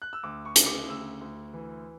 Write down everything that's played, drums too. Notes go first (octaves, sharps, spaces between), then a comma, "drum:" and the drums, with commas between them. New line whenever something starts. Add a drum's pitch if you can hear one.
F#6
E6
D2 D6
C#6
C#3, drum: hi-hat
D6
D2 E6
D2
E3